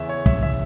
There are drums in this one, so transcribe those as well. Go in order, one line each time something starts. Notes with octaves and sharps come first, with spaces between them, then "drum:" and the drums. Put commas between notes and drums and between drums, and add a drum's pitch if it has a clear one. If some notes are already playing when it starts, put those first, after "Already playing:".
Already playing: E2 C#3 E3 C#4 E5
C#5
E5, drum: kick
E5